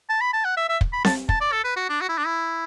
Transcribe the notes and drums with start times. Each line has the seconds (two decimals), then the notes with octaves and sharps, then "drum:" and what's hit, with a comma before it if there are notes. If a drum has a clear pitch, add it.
0.09 A5
0.21 B5
0.33 A5
0.45 F#5
0.57 E5
0.69 E5
0.81 drum: kick
0.93 B5
1.05 A5, drum: snare C4
1.29 A5, drum: kick
1.41 D5
1.52 A4
1.64 B4
1.77 F#4
1.89 D4
2.01 F#4
2.09 E4
2.18 D4
2.26 E4